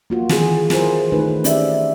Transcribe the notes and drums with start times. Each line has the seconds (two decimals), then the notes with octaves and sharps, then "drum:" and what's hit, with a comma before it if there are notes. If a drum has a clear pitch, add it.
0.10 A#3 F4 F#4
0.29 D#3 E3 C4 F#4 G#4, drum: snare
0.70 E4 F4 G#4 A#4 C5, drum: snare
1.12 D#3 A3 D#4 B4
1.44 C4 C#4 G4 D5 E5, drum: hi-hat